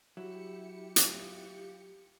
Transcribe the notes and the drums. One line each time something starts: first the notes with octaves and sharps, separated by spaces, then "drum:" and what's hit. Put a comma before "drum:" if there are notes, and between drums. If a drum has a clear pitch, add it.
F#3 E4 G4 C#7
F4, drum: hi-hat